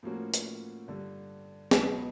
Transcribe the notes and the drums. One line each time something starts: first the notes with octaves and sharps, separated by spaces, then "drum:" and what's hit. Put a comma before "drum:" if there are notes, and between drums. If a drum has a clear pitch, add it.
A2 F3 A#3 C#4 F#4
drum: hi-hat
G2 D3 G3
C#2 B2 F#3 B3, drum: snare